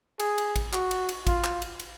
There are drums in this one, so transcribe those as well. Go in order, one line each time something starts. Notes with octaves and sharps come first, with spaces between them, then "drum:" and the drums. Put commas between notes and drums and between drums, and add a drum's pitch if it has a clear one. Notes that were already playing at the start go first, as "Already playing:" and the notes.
G#4, drum: cymbal
drum: cymbal
drum: kick A1, cymbal
F#4, drum: clap
drum: cymbal
drum: cymbal
F4, drum: kick A1, cymbal
drum: clap
drum: cymbal
drum: cymbal